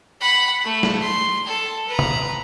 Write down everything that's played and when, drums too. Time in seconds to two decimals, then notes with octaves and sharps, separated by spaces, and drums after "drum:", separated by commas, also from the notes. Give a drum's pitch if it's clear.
0.21 F#5 B5
0.64 A3
0.83 drum: snare
1.02 C6
1.46 A4
1.88 B4 A#5
1.99 drum: tom